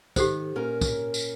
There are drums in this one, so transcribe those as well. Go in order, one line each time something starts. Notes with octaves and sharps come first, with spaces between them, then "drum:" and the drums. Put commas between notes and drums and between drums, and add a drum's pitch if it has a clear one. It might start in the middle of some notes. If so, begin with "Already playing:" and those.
D#3 G4 A4 C5, drum: kick, tambourine
A#2 C#4 A#4
drum: kick, tambourine
drum: tambourine